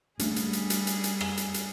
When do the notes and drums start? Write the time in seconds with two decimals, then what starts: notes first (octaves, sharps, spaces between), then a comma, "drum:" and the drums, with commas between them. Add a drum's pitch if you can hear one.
0.19 G3 A3 C#4 D4 G#4, drum: hi-hat
0.36 drum: hi-hat
0.53 drum: hi-hat
0.70 drum: hi-hat
0.87 drum: hi-hat
1.04 drum: hi-hat
1.21 drum: rim click
1.37 drum: hi-hat
1.54 drum: hi-hat